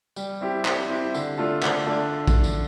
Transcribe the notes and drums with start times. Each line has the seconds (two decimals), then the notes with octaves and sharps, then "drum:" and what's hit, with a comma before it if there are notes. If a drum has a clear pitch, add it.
0.16 G3, drum: tambourine
0.41 C4 E4 G4
0.65 G3, drum: clap
0.89 C4 E4 G4
1.14 D3, drum: tambourine
1.38 A3 D4 F4 A4
1.63 D3, drum: clap
1.87 A3 D4
2.28 drum: kick A#1, tambourine
2.44 drum: tambourine